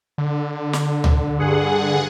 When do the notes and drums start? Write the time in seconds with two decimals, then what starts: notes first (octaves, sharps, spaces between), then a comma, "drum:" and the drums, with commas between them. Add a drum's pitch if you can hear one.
0.18 D3
0.73 drum: snare
1.04 drum: tom C#2
1.38 G2 G#4 F#5